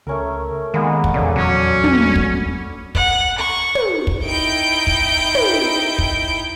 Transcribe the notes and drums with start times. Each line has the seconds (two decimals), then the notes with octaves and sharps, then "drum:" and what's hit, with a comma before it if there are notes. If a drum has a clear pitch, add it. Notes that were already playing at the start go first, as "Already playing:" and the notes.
0.07 C#2 A3 C#4 A#4
0.74 D#3 G#3 A#3 B3 F#5
1.04 drum: kick
1.14 F1 A#1 E2 C#3 A4 D5
1.36 F#3 C#4
1.84 drum: tom
2.16 drum: kick
2.95 F#5, drum: kick
3.38 C#6
3.75 drum: tom
4.07 drum: kick
4.23 D#4 E4 G5 G6 D7
4.87 drum: kick
5.35 drum: tom
5.99 drum: kick